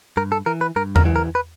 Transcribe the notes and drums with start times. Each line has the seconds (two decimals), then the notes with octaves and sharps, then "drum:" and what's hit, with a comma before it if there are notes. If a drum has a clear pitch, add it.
0.17 G2 A#4
0.32 A4
0.46 E3 A#4
0.61 B4
0.76 G2 A#4
0.96 A#4, drum: tom E2
1.05 E3
1.16 A#4
1.35 B4